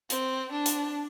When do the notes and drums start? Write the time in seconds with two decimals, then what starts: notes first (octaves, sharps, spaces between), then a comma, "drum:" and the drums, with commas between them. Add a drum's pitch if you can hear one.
0.10 C4, drum: hi-hat
0.52 D4
0.66 drum: hi-hat